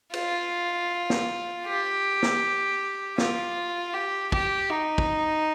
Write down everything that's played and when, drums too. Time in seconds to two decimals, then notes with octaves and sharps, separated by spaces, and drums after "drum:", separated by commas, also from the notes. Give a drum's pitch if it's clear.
0.14 F4, drum: cymbal
1.10 drum: snare
1.66 G4
2.23 drum: snare
3.18 F4, drum: snare
3.94 G4
4.32 G4, drum: kick
4.70 D#4
4.98 drum: kick